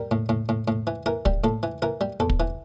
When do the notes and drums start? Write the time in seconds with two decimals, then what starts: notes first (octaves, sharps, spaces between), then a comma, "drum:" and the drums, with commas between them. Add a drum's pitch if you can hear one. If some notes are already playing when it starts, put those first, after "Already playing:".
Already playing: G3 A#4
0.11 A2
0.29 A2
0.49 A2
0.68 A2
0.87 E3
1.06 E3 A#4
1.25 G3, drum: kick
1.44 A2 A4
1.63 E3
1.82 E3 A#4
2.01 G3
2.20 E2 A4
2.29 drum: kick
2.40 E3